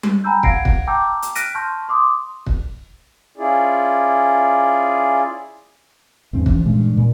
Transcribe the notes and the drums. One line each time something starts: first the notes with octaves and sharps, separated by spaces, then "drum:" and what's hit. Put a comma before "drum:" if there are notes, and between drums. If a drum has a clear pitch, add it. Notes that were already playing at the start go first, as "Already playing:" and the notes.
drum: tom G3
G5 G#5 A#5 B5 E6 G6
F5 F#5 G#6 A#6 C7 D7, drum: kick
drum: kick
G5 A5 A#5 D6 E6 G6
drum: hi-hat
F6 F#6 A#6 B6 D7 D#7, drum: hi-hat
A5 C6 C#6 F6 G6
C6 D6 D#6
drum: kick
C#4 E4 F4 G#4 D5
E2 G2 C4 D4
E3 F3 C#4, drum: kick
G2 A#2 E3 G#3
A#2